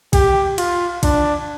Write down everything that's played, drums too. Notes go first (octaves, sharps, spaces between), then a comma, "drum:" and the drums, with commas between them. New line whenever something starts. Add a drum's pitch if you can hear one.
G4, drum: kick A#1, cymbal
F4, drum: cymbal
D4, drum: kick A#1, cymbal